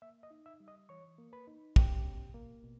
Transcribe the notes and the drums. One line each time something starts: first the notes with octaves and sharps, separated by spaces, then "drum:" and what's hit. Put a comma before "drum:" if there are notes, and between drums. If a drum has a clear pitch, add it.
A#3 E5 E6
D#5 D#6
D#4
E5 E6
G3
D#5 D#6
E3 C#5 C#6
A#3
B4 B5
D#4
C#4 G4 G5, drum: kick
B2
A#3
B2